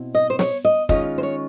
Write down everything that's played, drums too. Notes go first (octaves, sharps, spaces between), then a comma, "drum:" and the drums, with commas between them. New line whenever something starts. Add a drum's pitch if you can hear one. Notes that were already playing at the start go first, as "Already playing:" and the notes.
Already playing: B2 C4 E4
D#5
C5
C#5, drum: snare
D#5
D#3 G#3 C#4 F4 D#5, drum: kick
C5
C#5